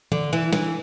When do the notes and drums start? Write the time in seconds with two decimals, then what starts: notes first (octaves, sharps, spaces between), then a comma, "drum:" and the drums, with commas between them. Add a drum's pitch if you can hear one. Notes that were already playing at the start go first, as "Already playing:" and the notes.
0.12 D3, drum: tom
0.33 E3
0.53 E3, drum: snare